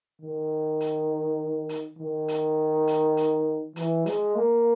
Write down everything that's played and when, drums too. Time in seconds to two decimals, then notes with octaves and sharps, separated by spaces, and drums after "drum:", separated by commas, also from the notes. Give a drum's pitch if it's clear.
0.22 D#3
0.80 drum: hi-hat
1.69 drum: hi-hat
1.99 D#3
2.28 drum: hi-hat
2.87 drum: hi-hat
3.17 drum: hi-hat
3.76 E3, drum: hi-hat
4.06 G#3, drum: hi-hat
4.35 A#3